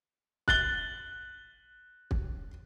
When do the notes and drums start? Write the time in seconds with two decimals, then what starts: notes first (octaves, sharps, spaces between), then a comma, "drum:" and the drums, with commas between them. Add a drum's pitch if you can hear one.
0.48 F#6 A6 G7, drum: kick
2.11 drum: kick